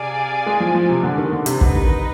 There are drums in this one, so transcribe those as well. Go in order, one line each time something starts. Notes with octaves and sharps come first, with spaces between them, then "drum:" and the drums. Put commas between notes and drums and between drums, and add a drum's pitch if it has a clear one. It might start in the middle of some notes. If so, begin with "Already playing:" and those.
Already playing: C3 G#4 D5 F5 G#5
G#3
F3
F3
C3
D3
D#3
D3
C3, drum: hi-hat
D3 D#4 B4 D#5, drum: kick
D#3